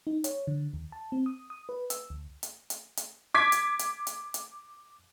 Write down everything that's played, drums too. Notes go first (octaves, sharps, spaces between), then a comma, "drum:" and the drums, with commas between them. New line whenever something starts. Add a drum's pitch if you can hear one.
D#4
C#5, drum: hi-hat
D3
D#2
A5
C4
D#6
D#6
B4
E6, drum: hi-hat
D2
drum: hi-hat
drum: hi-hat
drum: hi-hat
D6 G#6 B6
drum: hi-hat
drum: hi-hat
drum: hi-hat
drum: hi-hat